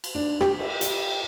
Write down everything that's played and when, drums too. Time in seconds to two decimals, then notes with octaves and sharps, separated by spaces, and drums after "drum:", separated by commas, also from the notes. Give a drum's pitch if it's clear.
0.04 drum: cymbal
0.15 D4
0.41 G4, drum: rim click
0.59 drum: cymbal
0.81 drum: hi-hat